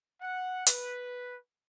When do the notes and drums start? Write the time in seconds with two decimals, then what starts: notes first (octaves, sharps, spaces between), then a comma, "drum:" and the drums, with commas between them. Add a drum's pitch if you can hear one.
0.20 F#5
0.67 B4, drum: hi-hat